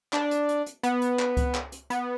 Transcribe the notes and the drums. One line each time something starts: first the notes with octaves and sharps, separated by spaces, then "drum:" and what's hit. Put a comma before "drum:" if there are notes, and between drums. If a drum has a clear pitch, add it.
D4, drum: clap
drum: hi-hat
drum: hi-hat
drum: hi-hat
B3, drum: hi-hat
drum: hi-hat
drum: clap
drum: kick C#2, hi-hat
drum: clap
drum: hi-hat
B3, drum: hi-hat